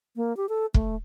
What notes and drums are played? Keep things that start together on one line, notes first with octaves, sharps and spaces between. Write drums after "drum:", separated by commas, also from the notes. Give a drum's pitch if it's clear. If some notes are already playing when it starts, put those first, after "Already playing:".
A#3
G4
A4
A3, drum: kick